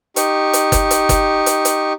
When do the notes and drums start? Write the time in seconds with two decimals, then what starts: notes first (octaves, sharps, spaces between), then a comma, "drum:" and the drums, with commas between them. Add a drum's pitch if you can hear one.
0.16 D#4 G4 C#6, drum: hi-hat
0.53 drum: hi-hat
0.72 drum: kick F#1, hi-hat
0.91 drum: hi-hat
1.09 drum: kick F#1, hi-hat
1.46 drum: hi-hat
1.65 drum: hi-hat